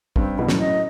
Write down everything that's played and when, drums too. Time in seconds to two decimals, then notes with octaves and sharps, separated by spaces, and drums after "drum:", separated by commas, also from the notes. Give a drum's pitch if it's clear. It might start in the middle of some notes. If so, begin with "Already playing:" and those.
0.16 G2 C4, drum: kick
0.38 B2 E4
0.49 F#2 A2, drum: snare
0.59 D#5